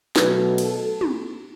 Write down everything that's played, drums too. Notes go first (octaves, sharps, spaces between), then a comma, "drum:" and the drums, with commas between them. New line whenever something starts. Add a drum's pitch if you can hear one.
B2 F#3 A3 B4, drum: snare
A4, drum: cymbal
drum: tom